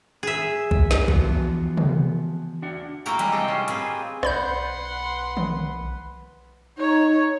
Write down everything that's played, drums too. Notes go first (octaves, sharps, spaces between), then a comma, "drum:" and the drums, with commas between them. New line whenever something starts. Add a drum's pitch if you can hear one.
G#4 E5
drum: kick B1
drum: snare
E3 F3 B3 F#4, drum: kick B1
drum: tom C3
D4 F#4 F#5
A#3 E4 F#4 G5 A#5, drum: tambourine
G3 G#3 B4, drum: hi-hat
C3 C4 A4 B4 D#5 G5
G3 C#4 F4
A#3 C4 G#4 B4, drum: hi-hat
B1 B4 D5 F#5 B5 C6 G6, drum: rim click
drum: tom D3
D#4 C#5